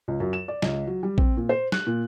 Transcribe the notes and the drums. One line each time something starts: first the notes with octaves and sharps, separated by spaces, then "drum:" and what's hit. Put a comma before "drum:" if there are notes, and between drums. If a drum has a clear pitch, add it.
C#2
F#2
E7
D5
C#2, drum: snare
F#3
G3
C4, drum: kick A#1
A#2
C5
F#6, drum: snare
A#2